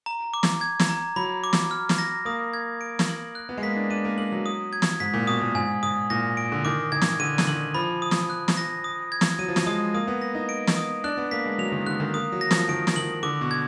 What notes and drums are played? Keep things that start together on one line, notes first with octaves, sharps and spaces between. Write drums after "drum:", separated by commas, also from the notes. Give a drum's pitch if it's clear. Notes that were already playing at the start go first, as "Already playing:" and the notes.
A#5
D6
drum: snare
G#6
drum: snare
A#5
F#3 B5
D6
drum: snare
F6
drum: snare
A#6
A#3 D#6
G#6
D7
drum: snare
F#7
F#6
B3
G#3
A#3 B6
D4
D4 D#7
A#3
A#3 F#7
F#3
D#6
G#6
drum: snare
G#2 B6
A#2
B2 D#6
A#2
G#2 G#5
G#2 D#6
A#2 A#6
D7
D3
D#3 D6
D#3 G#6
drum: snare
D3 D#7
drum: snare
D#3 F#7
F3 B5
D#6
drum: snare
F#6
drum: snare
A#6
D#6
G#6
drum: snare
F#3 D#7
F3
F#3, drum: snare
G#3 D#6
A#3 D#6
B3
A#6
D#4
D7
drum: snare
D#6
D4 F#6
B3
A#3 B6
G#3
F#3 F7
D#3
D3 F#6
D#3
A#3 D#6
F#3
A#6
F3, drum: snare
D#3 D7
drum: snare
D#3 F#7
D3 D6
B2
G#6